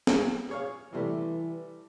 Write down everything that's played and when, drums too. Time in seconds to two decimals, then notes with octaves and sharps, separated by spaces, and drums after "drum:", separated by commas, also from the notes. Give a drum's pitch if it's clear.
0.07 drum: snare
0.49 G#4 C#5 F5
0.93 C3 E3 G3 A3